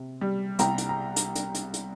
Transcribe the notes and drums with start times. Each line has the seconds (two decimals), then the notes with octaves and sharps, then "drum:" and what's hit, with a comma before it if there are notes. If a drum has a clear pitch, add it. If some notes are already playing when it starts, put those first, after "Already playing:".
Already playing: C3
0.21 G3
0.59 C2 G5 A#5, drum: hi-hat
0.78 drum: hi-hat
0.89 A#5
1.16 drum: hi-hat
1.35 drum: hi-hat
1.55 drum: hi-hat
1.74 drum: hi-hat